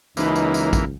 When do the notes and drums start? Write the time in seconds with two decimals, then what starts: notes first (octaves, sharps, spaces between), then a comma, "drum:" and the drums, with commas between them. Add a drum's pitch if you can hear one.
0.17 C#2 F#2 B2 E3 A#3 D#4 B4, drum: tambourine
0.36 drum: tambourine
0.54 drum: tambourine
0.73 drum: kick, tambourine